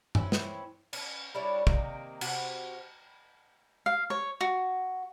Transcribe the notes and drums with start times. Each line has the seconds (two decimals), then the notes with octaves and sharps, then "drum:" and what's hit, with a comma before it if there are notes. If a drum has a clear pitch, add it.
0.15 E3 C4 C#4 E4, drum: tom G2
0.32 drum: snare
0.93 C#4, drum: cymbal
1.34 G3 D4 E4 C#5
1.67 C3 D#3 A#3, drum: kick
2.21 C3 F#4 C5 F#5, drum: cymbal
3.86 F5
4.10 C#5
4.41 F#4